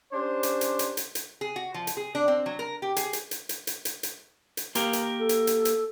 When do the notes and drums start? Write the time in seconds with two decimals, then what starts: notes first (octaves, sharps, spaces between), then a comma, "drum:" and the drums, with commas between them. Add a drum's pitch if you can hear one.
0.13 C#4 D4 G4 C5 C#5
0.43 drum: hi-hat
0.61 drum: hi-hat
0.79 drum: hi-hat
0.97 drum: hi-hat
1.15 drum: hi-hat
1.41 G#4
1.56 F#4
1.74 F3
1.87 drum: hi-hat
1.97 G#4
2.15 D4
2.28 C4
2.46 F#3
2.59 A#4
2.82 G4
2.96 G#4, drum: hi-hat
3.13 drum: hi-hat
3.31 drum: hi-hat
3.49 drum: hi-hat
3.67 drum: hi-hat
3.85 drum: hi-hat
4.03 drum: hi-hat
4.57 drum: hi-hat
4.75 A#3 G4 A#4, drum: hi-hat
4.93 drum: hi-hat
5.19 A4
5.29 drum: hi-hat
5.47 drum: hi-hat
5.65 drum: hi-hat